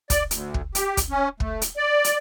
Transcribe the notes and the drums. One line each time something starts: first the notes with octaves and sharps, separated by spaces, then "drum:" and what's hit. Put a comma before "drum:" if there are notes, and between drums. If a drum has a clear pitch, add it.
D5, drum: kick, hi-hat
D2, drum: hi-hat
drum: kick
G4, drum: hi-hat
drum: kick, hi-hat
C#4
A3, drum: kick
drum: hi-hat
D5
drum: hi-hat